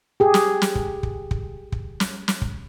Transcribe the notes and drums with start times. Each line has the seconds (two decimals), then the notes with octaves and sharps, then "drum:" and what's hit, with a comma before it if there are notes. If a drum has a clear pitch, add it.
0.20 G4 G#4
0.34 drum: snare
0.62 drum: snare
0.75 drum: kick
1.03 drum: kick
1.31 drum: kick
1.72 drum: kick
2.00 drum: snare
2.28 drum: snare
2.42 drum: kick